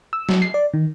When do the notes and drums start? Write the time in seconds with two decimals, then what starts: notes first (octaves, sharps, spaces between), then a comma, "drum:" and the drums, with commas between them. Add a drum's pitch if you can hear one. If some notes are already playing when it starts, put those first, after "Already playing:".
0.13 E6
0.29 F#3, drum: snare
0.42 C7
0.54 D5
0.74 D#3